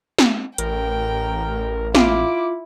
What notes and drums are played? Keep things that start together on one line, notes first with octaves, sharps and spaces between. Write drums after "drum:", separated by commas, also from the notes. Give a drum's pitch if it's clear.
drum: snare
A1 A#4 G5, drum: hi-hat
E4 F4 D6, drum: snare